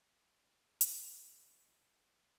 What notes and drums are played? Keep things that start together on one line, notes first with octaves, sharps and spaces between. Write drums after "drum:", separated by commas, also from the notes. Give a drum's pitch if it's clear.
G#3
C3
D3 F3 C4, drum: hi-hat
G#2 F3 C4
E4